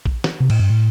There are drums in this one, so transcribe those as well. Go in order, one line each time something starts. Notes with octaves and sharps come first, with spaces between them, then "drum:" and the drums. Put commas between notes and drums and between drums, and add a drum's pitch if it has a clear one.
drum: kick A#1
drum: snare
C3
A2, drum: cymbal
G2
A2